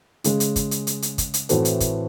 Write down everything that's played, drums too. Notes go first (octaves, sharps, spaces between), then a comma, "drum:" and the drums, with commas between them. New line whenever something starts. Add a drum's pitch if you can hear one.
C#3 G#3 C#4, drum: hi-hat
drum: hi-hat
drum: kick, hi-hat
drum: hi-hat
drum: hi-hat
drum: hi-hat
drum: kick, hi-hat
drum: hi-hat
A2 E3 C4 F#4 A4, drum: hi-hat
drum: hi-hat
drum: kick, hi-hat